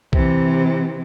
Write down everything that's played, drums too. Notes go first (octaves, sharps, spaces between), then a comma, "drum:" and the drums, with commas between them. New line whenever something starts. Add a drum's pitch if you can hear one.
C3 E3, drum: kick